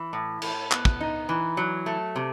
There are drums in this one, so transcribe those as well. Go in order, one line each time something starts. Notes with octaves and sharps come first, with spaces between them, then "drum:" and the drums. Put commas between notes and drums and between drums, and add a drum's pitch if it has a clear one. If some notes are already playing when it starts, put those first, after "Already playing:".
Already playing: E3
A2
A2, drum: cymbal
B3, drum: clap
drum: kick
D#4
E3
F#3
A3
C3